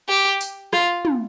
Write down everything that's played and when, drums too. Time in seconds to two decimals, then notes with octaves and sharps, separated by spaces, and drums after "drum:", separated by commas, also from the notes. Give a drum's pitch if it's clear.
0.09 G4
0.41 drum: tambourine
0.73 F4, drum: rim click
1.05 drum: tom